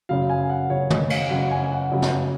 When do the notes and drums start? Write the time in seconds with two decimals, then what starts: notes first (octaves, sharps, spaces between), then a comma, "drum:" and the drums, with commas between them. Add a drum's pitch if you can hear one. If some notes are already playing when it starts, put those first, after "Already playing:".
0.09 F#2 C#3 F#3 F5
0.29 G#5
0.50 F#5
0.70 F#2 C#3 F#3 C#5
0.90 D#5, drum: tom
1.10 F5, drum: cymbal
1.30 F#2 C#3 F#3 F#5
1.51 G#5
1.71 F#5
1.92 F#2 C#3 F#3
2.02 drum: snare